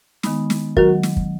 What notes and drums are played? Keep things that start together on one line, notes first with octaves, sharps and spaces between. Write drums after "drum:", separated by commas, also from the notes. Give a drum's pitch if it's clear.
D#3 G#3 B3 D#4, drum: snare
drum: snare
D#3 F#3 F#4 A#4, drum: kick
drum: snare
drum: kick